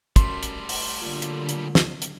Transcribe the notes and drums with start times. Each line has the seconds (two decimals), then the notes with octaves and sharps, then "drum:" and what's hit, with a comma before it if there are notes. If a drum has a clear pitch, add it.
0.16 F#2 G3 A3 C6, drum: kick, hi-hat
0.43 drum: hi-hat
0.69 drum: open hi-hat
1.02 A#2 D3 F#3
1.22 drum: hi-hat
1.49 drum: hi-hat
1.75 drum: snare
2.02 drum: hi-hat